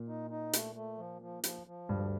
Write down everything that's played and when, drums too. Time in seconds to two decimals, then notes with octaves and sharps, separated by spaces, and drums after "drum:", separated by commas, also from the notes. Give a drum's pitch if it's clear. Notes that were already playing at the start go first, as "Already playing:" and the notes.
Already playing: A#2
0.08 D#4
0.30 D#4
0.53 A3, drum: hi-hat
0.75 A3
0.98 F3
1.22 F3
1.44 F3, drum: hi-hat
1.67 F3
1.89 D2 G2